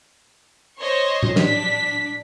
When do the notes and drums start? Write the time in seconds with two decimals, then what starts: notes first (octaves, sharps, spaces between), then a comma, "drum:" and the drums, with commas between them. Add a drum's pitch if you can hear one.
0.79 C5 C#5 D#5 C6 C#6
1.23 drum: tom A2
1.36 D4 B6, drum: snare